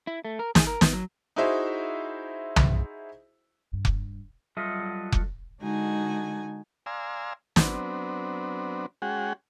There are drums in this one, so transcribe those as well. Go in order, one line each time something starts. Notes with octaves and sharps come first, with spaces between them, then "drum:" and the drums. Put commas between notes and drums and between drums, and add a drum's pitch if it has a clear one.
E4
A3
A#4
G#4, drum: snare
A#4
B3, drum: snare
F#3
D#4 E4 F#4 G#4 C5 E5
drum: tom
G2
drum: kick F1
F#3 G3 F4 A4 D#5 E5
drum: kick F1
D3 G#3 D#4 F#4 G#5
D5 F5 G#5 A#5 C6 E6
F#3 B3 C4 D4, drum: snare
G#3 C#4 F#4 G#4 F#5 G5